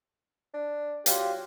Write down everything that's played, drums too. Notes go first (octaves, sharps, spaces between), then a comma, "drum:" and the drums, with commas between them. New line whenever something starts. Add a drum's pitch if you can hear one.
D4
F#3 F4 G4 F5, drum: hi-hat